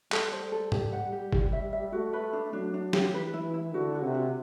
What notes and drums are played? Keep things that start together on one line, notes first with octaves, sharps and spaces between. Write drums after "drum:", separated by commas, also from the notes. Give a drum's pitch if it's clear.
G3 A4, drum: clap
C5
A4
G4, drum: tom G#2
F#5
G4
G4, drum: kick
E5
E5
A3 F#4
B4
D4
F#3 D4
D4
G4, drum: snare
E3 B4
E4
E3
E4
D3 F#4
F#4
C3
F#4